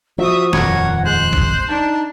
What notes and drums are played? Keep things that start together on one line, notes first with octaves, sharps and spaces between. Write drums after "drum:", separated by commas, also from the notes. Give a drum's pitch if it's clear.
F3 F#4 E5 D#6
D#1 F2 A#3 C#5 F#5, drum: snare
G#3 C5 F#6
drum: kick
D4 D#4 A5